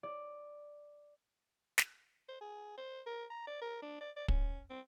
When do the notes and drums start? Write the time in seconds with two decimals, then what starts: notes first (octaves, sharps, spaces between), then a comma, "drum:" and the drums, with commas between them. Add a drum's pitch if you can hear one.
0.03 D5
1.78 drum: snare
2.29 C5
2.41 G#4
2.78 C5
3.06 A#4
3.30 A#5
3.47 D5
3.62 A#4
3.82 D4
4.01 D5
4.16 D5
4.28 C#4, drum: kick
4.70 C4